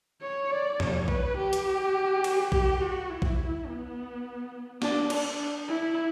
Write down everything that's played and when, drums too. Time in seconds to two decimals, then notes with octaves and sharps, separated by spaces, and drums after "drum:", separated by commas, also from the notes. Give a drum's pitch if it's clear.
0.22 C#5
0.51 D5
0.80 C#5, drum: tom
1.08 B4, drum: kick A#1
1.38 G4
1.53 drum: hi-hat
2.24 drum: cymbal
2.52 G4, drum: kick A#1
2.81 F#4
3.10 E4
3.22 drum: kick A#1
3.66 B3
4.82 D4, drum: snare
5.10 D4, drum: cymbal
5.68 E4